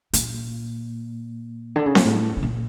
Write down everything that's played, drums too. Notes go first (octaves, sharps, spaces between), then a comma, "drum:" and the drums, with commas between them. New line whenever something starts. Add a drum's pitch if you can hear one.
A#2, drum: hi-hat
D3
C#3
A#2, drum: snare C4
A2
C#3
A#2